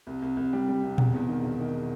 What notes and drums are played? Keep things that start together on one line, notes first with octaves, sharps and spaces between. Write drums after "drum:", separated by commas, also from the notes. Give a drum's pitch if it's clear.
C2
C2
C2
G3
G3
C2
E1, drum: tom A#2
E2
D#3
E1
D#3